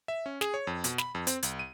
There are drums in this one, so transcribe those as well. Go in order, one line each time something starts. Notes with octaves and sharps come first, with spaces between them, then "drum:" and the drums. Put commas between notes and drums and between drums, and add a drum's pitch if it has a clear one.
E5
C#4
G#4, drum: snare
C#5
F2
B2, drum: hi-hat
B5, drum: snare
F2
C4, drum: hi-hat
C2, drum: hi-hat
D#7